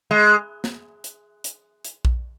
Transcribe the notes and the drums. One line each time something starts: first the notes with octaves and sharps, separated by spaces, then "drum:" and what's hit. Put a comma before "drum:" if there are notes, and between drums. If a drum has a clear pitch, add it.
G#3
drum: snare
drum: hi-hat
drum: hi-hat
drum: hi-hat
drum: kick A#1